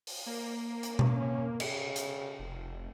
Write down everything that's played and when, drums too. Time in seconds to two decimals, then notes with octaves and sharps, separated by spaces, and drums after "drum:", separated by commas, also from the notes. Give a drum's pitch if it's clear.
0.07 drum: open hi-hat
0.26 A#3
0.83 drum: hi-hat
0.99 drum: tom B2
1.17 C#4
1.60 C#3, drum: cymbal
1.96 drum: hi-hat
2.39 F1